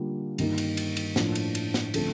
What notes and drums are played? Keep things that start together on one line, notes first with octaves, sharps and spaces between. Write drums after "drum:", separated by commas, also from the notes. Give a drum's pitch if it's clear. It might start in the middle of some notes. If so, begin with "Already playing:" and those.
Already playing: D3 G3 A#3 F4
G2 D#3 A#3 D#4, drum: cymbal
drum: cymbal
drum: cymbal
drum: cymbal
A2 F3 A#3 D4 F4, drum: snare
drum: cymbal
drum: cymbal
drum: snare
D3 F3 A3 C4, drum: cymbal